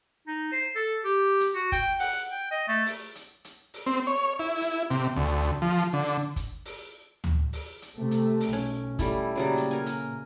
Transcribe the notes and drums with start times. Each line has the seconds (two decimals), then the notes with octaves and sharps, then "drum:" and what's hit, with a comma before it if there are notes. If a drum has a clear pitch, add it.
0.27 D#4
0.52 C5
0.76 A4
1.04 G4
1.40 drum: hi-hat
1.55 F#4
1.72 G5, drum: kick, hi-hat
2.00 F#5, drum: open hi-hat
2.31 G5
2.51 D#5
2.68 A3
2.86 drum: open hi-hat
3.15 drum: hi-hat
3.45 drum: hi-hat
3.74 drum: open hi-hat
3.86 C4
4.07 C#5
4.39 E4
4.61 drum: hi-hat
4.90 C3, drum: hi-hat
5.17 D2
5.62 F3
5.78 drum: hi-hat
5.93 D3
6.07 drum: hi-hat
6.36 drum: kick, hi-hat
6.65 drum: open hi-hat
7.24 drum: tom D2
7.53 drum: open hi-hat
7.82 drum: hi-hat
7.97 C3 A3
8.11 drum: hi-hat
8.40 drum: open hi-hat
8.53 B1 C#4
8.99 G3 A3 E4, drum: kick, hi-hat
9.35 A#2 C#3 F#3 G3
9.57 drum: hi-hat
9.71 A#4 G#5
9.86 drum: hi-hat